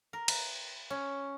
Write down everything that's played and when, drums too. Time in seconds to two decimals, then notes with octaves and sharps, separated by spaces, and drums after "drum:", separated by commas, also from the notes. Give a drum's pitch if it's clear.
0.13 A#4
0.28 B4, drum: cymbal
0.90 C#4